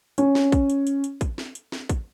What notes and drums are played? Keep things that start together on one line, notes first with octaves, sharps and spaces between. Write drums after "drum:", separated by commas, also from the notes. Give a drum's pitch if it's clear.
C#4, drum: hi-hat
drum: snare
drum: kick, hi-hat
drum: hi-hat
drum: hi-hat
drum: hi-hat
drum: kick, hi-hat
drum: snare
drum: hi-hat
drum: snare
drum: kick, hi-hat